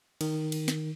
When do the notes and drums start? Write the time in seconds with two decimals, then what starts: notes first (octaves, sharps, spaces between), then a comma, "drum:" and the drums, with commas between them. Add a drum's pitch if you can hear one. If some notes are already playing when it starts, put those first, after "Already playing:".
0.21 D#3, drum: cymbal
0.52 drum: cymbal
0.68 drum: snare